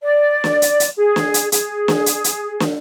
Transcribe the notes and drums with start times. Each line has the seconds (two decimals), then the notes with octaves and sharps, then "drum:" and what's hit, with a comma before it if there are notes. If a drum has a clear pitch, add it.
0.02 D5
0.44 drum: snare
0.62 drum: hi-hat
0.80 drum: hi-hat
0.97 G#4
1.16 drum: snare
1.34 drum: hi-hat
1.52 G#4, drum: hi-hat
1.88 drum: snare
2.06 drum: hi-hat
2.24 drum: hi-hat
2.60 drum: snare